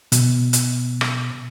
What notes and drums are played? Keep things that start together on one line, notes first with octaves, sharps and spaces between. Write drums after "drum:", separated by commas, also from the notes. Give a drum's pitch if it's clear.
B2, drum: hi-hat
drum: hi-hat
drum: rim click